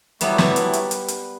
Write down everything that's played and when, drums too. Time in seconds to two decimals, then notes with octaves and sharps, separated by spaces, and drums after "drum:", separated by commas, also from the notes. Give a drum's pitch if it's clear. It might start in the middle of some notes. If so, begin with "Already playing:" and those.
0.21 F#3 G3 A3 B3 E4, drum: hi-hat
0.38 G3 B3, drum: snare
0.56 drum: hi-hat
0.73 drum: hi-hat
0.91 drum: hi-hat
1.08 drum: hi-hat